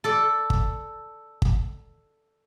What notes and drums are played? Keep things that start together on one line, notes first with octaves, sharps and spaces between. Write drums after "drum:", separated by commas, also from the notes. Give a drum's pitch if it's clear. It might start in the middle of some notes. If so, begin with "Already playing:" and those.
A4 D5
drum: kick
drum: kick